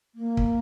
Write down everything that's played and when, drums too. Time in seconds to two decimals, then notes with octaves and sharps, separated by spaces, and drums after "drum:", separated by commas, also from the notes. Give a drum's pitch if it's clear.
0.15 A#3
0.37 drum: kick